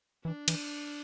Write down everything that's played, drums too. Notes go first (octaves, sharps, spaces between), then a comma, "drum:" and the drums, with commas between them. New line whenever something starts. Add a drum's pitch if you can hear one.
E3 D4
E3, drum: cymbal